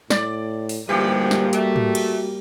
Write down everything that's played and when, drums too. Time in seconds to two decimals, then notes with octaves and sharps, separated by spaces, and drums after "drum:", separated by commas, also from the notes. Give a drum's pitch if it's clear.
0.10 A2 D5, drum: snare
0.69 drum: open hi-hat
0.89 D2 G#2 E3 F3 G3 A#3 G4
1.31 drum: snare
1.53 A3 F#4, drum: hi-hat
1.76 drum: tom G#2
1.95 drum: cymbal